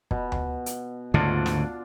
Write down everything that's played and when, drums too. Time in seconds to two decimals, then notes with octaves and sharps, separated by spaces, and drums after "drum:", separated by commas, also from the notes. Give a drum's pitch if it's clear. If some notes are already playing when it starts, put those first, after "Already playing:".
0.11 B2, drum: kick
0.32 drum: tom D2
0.66 drum: hi-hat
1.14 D2 G#2 C#3 D4 F4
1.46 drum: snare